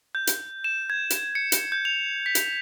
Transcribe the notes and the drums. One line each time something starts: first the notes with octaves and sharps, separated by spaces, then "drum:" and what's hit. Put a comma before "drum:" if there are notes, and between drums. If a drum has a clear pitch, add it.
G6
drum: hi-hat
E7
G#6
drum: hi-hat
C#7
drum: hi-hat
G6
F7
B6
drum: hi-hat